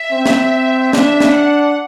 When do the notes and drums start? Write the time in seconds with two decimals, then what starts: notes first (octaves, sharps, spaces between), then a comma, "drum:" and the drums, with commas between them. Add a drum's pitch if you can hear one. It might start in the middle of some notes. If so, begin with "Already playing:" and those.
Already playing: E5
0.12 C4
0.26 drum: snare
0.93 D4 E5, drum: snare
1.20 drum: snare
1.34 F#5